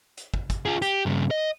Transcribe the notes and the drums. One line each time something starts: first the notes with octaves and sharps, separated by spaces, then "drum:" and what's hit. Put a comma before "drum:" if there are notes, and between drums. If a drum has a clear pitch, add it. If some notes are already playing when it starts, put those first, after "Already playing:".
drum: hi-hat
drum: kick
drum: kick, hi-hat
F4 G#4
G4, drum: hi-hat
G2 C#3
D#5